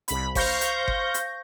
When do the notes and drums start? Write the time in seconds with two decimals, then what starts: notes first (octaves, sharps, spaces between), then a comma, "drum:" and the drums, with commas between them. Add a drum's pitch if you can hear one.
0.08 C2 B5, drum: hi-hat
0.35 C5 F5 C#6 G6 A#6, drum: kick G1, open hi-hat
0.61 drum: hi-hat
0.88 drum: kick G1
1.14 drum: hi-hat